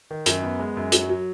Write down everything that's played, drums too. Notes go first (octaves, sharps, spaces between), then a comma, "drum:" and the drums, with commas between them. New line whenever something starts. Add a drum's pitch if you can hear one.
D#3
F#2, drum: hi-hat
B3
G#3
F#2
F#3, drum: hi-hat
F#3